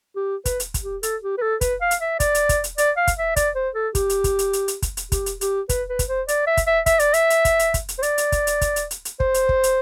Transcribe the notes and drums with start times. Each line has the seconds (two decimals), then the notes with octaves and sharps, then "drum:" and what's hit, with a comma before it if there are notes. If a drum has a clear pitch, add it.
0.16 G4
0.45 B4, drum: kick, hi-hat
0.60 drum: hi-hat
0.74 drum: kick, hi-hat
0.84 G4
1.03 A4, drum: hi-hat
1.23 G4
1.38 B4
1.42 A4
1.61 B4, drum: kick, hi-hat
1.82 F5
1.91 drum: hi-hat
2.01 E5
2.20 D5, drum: kick, hi-hat
2.35 drum: hi-hat
2.49 drum: kick, hi-hat
2.64 drum: hi-hat
2.78 D5, drum: hi-hat
2.97 F5
3.07 drum: kick, hi-hat
3.18 E5
3.36 D5, drum: kick, hi-hat
3.56 C5
3.75 A4
3.95 G4, drum: kick, hi-hat
4.10 drum: hi-hat
4.24 drum: kick, hi-hat
4.39 drum: hi-hat
4.53 drum: hi-hat
4.68 drum: hi-hat
4.82 drum: kick, hi-hat
4.97 drum: hi-hat
5.12 G4, drum: kick, hi-hat
5.26 drum: hi-hat
5.41 G4, drum: hi-hat
5.69 B4, drum: kick, hi-hat
5.90 B4
5.99 drum: kick, hi-hat
6.09 C5
6.28 D5, drum: hi-hat
6.47 E5
6.57 drum: kick, hi-hat
6.67 E5
6.86 E5, drum: kick, hi-hat
6.99 D5, drum: hi-hat
7.14 E5, drum: hi-hat
7.30 drum: hi-hat
7.45 drum: kick, hi-hat
7.59 drum: hi-hat
7.74 drum: kick, hi-hat
7.89 drum: hi-hat
7.99 C5
8.03 D5, drum: hi-hat
8.18 drum: hi-hat
8.32 drum: kick, hi-hat
8.47 drum: hi-hat
8.61 drum: kick, hi-hat
8.76 drum: hi-hat
8.91 drum: hi-hat
9.05 drum: hi-hat
9.20 C5, drum: kick
9.34 drum: hi-hat
9.49 drum: kick
9.64 drum: hi-hat